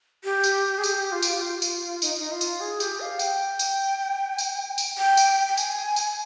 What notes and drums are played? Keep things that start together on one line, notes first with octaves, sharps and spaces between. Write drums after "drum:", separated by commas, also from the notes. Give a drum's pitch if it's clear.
G4
drum: tambourine
G#4
G4, drum: tambourine
F4
drum: tambourine
G4
F4
drum: tambourine
D#4, drum: tambourine
D#4
F4
drum: tambourine
G#4
G4, drum: tambourine
F5
G5, drum: tambourine
drum: tambourine
drum: tambourine
drum: tambourine
G5
drum: tambourine
G5
G#5, drum: tambourine
drum: tambourine